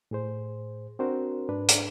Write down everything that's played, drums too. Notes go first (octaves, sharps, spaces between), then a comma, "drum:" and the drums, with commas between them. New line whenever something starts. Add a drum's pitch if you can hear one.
A2 G#4 C5
C4 D4 F#4 A#4 C5
G#2 D4 B4
drum: hi-hat